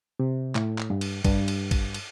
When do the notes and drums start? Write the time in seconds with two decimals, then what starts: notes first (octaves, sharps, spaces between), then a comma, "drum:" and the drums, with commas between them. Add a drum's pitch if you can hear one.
0.20 C3
0.55 A2, drum: clap
0.78 drum: clap
0.90 G2
1.01 drum: cymbal
1.25 G2, drum: kick, cymbal
1.48 drum: cymbal
1.71 drum: kick, cymbal
1.94 drum: cymbal